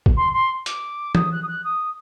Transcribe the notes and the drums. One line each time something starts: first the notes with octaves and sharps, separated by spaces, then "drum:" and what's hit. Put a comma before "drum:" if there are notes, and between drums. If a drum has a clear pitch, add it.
drum: kick
C6
C6
D6, drum: hi-hat
D#6, drum: tom E3
F#6
D#6
F#6
D#6